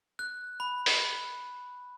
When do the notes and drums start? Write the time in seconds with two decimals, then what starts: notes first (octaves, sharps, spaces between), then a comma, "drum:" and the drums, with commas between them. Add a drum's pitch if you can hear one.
0.19 F#6
0.60 B5
0.86 drum: open hi-hat